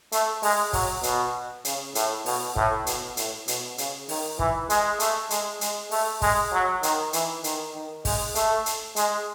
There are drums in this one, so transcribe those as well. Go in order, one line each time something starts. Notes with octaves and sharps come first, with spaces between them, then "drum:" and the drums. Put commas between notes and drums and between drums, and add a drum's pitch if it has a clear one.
A3, drum: hi-hat
G#3, drum: open hi-hat
F#3, drum: kick, open hi-hat
B2, drum: hi-hat
C#3, drum: hi-hat
A2, drum: hi-hat
B2, drum: open hi-hat
A2, drum: kick
B2, drum: hi-hat
A2, drum: hi-hat
B2, drum: hi-hat
C#3, drum: hi-hat
D#3, drum: open hi-hat
E3, drum: kick
G#3, drum: hi-hat
A3, drum: hi-hat
G#3, drum: hi-hat
G#3, drum: hi-hat
A3, drum: open hi-hat
G#3, drum: kick, open hi-hat
F#3
D#3, drum: hi-hat
E3, drum: hi-hat
D#3, drum: hi-hat
D#3
G#3, drum: kick, open hi-hat
A3, drum: hi-hat
drum: hi-hat
G#3, drum: hi-hat